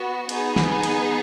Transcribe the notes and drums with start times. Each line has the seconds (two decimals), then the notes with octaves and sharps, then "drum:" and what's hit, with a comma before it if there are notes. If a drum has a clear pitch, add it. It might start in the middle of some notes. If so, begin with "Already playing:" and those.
Already playing: B3 F#4
0.29 B3 D#4 G#4, drum: cymbal
0.56 drum: snare
0.83 drum: cymbal